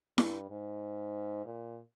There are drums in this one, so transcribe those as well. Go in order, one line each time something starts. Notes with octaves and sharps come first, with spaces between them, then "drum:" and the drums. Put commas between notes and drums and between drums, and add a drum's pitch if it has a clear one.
G2, drum: snare E4
G#2
A#2